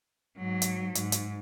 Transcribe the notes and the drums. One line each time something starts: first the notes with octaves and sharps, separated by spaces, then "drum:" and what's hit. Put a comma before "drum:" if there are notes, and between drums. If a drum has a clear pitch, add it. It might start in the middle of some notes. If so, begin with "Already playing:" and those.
G#2 F#3
drum: hi-hat
G#2, drum: hi-hat
drum: hi-hat